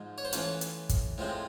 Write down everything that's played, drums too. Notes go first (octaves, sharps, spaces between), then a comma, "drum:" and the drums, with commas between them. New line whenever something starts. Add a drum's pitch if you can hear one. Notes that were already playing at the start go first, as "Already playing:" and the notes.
Already playing: G#2 F3 G#3
C#5
C5
E3 A3 C#4 F4 B4, drum: hi-hat
drum: hi-hat
drum: kick, hi-hat
A2 F3 G#3 C4